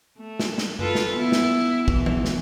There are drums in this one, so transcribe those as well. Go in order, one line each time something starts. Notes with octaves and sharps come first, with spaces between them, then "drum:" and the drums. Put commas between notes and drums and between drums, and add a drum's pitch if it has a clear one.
A3
drum: snare
drum: snare
F4 A4 B4, drum: tom F#2
drum: snare
B3 E4
drum: snare
E2 B2 E3, drum: kick
drum: tom E3
drum: snare